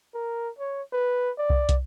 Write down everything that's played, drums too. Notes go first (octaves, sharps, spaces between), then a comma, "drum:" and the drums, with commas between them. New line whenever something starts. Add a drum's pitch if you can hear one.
A#4
C#5
B4
D5
drum: kick
drum: kick, hi-hat